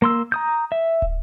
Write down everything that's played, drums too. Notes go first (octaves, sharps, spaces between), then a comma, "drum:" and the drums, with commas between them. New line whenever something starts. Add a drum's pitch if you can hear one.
A#3 C6 E6
A#5 D#6 G6
E5
drum: kick